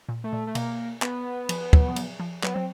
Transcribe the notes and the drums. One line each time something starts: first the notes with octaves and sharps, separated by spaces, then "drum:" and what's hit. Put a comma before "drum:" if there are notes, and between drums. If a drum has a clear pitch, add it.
A#2
A3
A#2
A3
B2 A#3, drum: cymbal
B3, drum: clap
F3, drum: cymbal
F#3, drum: kick
F3
F#3, drum: cymbal
F3
F#3 B3, drum: clap
F#3 C4